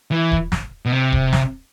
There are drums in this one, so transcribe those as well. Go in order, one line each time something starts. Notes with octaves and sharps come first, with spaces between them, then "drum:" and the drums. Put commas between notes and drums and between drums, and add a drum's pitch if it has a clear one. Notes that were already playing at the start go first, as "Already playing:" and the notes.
E3
drum: kick D#1
drum: snare
B2
C3
drum: kick D#1
drum: snare